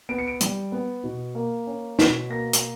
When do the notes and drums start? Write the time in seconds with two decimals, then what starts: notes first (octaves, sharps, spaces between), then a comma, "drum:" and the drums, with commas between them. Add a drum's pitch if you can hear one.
0.09 B3 D7
0.18 C#7
0.27 D7
0.41 G3, drum: hi-hat
0.72 B3
1.04 B2
1.35 A#3
1.67 C#4
1.99 B2 B6, drum: snare
2.30 A#3 A#6
2.53 drum: hi-hat